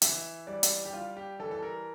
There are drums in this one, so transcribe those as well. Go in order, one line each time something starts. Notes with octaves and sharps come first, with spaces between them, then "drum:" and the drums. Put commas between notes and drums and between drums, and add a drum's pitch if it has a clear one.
E3 E5, drum: hi-hat
G3 D5
drum: hi-hat
G4
G3 F4
G4
E3 A4
A4
A#4